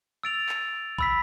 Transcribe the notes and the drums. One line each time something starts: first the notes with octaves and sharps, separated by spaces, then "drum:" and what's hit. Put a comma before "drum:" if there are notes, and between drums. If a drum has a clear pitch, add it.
E6 A6 D7 F7
drum: clap
B5 E6 B6, drum: kick A1